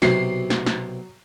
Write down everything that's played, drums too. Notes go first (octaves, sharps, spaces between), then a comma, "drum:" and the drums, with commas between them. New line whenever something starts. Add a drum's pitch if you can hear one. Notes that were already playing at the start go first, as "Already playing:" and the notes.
B1 C3 F#3 C7, drum: snare
drum: snare
drum: snare